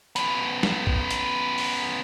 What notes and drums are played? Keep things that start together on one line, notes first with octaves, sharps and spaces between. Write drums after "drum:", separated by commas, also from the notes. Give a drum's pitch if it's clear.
B3 C#4, drum: hi-hat
drum: snare
drum: kick A1
drum: hi-hat
drum: open hi-hat